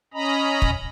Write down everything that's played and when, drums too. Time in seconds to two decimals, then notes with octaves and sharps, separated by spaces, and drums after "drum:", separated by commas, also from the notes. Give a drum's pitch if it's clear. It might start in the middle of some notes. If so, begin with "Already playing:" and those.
0.14 C#4 D#5 A#5 B5
0.62 drum: kick